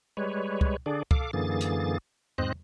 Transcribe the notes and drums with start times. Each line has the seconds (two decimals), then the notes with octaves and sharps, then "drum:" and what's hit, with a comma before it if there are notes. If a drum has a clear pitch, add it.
0.17 G3 G#3 B4 C#5
0.61 drum: kick C#2
0.86 D3 D4 G#4 D5
1.11 A4 F5 D6, drum: kick C#2
1.33 F#2 D3 E3 A#3 G#4 A6
1.61 drum: hi-hat
2.38 G#2 C4 C5 D#5 F#6, drum: tom E2